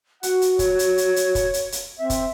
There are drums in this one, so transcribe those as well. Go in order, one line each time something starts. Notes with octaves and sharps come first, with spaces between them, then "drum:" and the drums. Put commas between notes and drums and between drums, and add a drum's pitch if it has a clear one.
F#4 F#5, drum: hi-hat
drum: hi-hat
C#5, drum: kick, hi-hat
drum: hi-hat
drum: hi-hat
drum: hi-hat
drum: kick, hi-hat
drum: hi-hat
drum: hi-hat
C4 E5
drum: kick, hi-hat